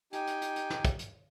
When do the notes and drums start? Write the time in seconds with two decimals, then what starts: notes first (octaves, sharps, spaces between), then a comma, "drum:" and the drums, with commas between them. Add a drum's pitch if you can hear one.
0.13 D#4 G4 G5 G#5, drum: hi-hat
0.27 drum: hi-hat
0.41 drum: hi-hat
0.56 drum: hi-hat
0.70 drum: snare
0.85 drum: kick, hi-hat
0.99 drum: hi-hat